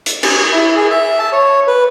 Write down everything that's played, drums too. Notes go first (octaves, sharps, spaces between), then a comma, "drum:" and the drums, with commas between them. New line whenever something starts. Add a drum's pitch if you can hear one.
drum: hi-hat
G#5, drum: cymbal
E4
G#4
E5
A5
C#5
B4